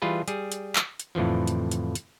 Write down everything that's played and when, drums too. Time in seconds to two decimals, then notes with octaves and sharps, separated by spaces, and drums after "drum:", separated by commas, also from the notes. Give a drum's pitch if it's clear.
0.02 E3 G3 F4 G#4 B4
0.28 G3 G#4, drum: hi-hat
0.52 drum: hi-hat
0.76 drum: clap
1.00 drum: hi-hat
1.15 F2 A2 D3 E3 F3
1.47 drum: hi-hat
1.71 drum: hi-hat
1.95 drum: hi-hat